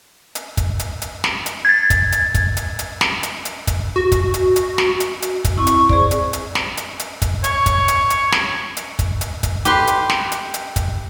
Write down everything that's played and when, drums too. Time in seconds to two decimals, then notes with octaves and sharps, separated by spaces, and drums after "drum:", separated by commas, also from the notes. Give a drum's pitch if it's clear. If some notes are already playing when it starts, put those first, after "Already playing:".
0.35 drum: hi-hat
0.57 drum: kick, hi-hat
0.79 drum: hi-hat
1.02 drum: hi-hat
1.24 drum: snare
1.46 drum: hi-hat
1.65 G#6 A6
1.90 drum: kick, hi-hat
2.12 drum: hi-hat
2.34 drum: kick, hi-hat
2.57 drum: hi-hat
2.79 drum: hi-hat
3.01 drum: snare
3.23 drum: hi-hat
3.45 drum: hi-hat
3.67 drum: kick, hi-hat
3.96 F#4
4.12 drum: kick, hi-hat
4.34 drum: hi-hat
4.56 drum: hi-hat
4.78 drum: snare
5.00 drum: hi-hat
5.22 drum: hi-hat
5.44 drum: kick, hi-hat
5.58 C4 E4 C#6
5.67 drum: hi-hat
5.89 G#4 C5 D5, drum: kick
6.11 drum: hi-hat
6.33 drum: hi-hat
6.55 drum: snare
6.77 drum: hi-hat
6.99 drum: hi-hat
7.22 drum: kick, hi-hat
7.44 C#5, drum: hi-hat
7.66 drum: kick, hi-hat
7.88 drum: hi-hat
8.10 drum: hi-hat
8.32 drum: snare
8.77 drum: hi-hat
8.99 drum: kick, hi-hat
9.21 drum: hi-hat
9.43 drum: kick, hi-hat
9.65 G4 B4 C6, drum: hi-hat
9.87 drum: hi-hat
10.10 drum: snare
10.32 drum: hi-hat
10.54 drum: hi-hat
10.76 drum: kick, hi-hat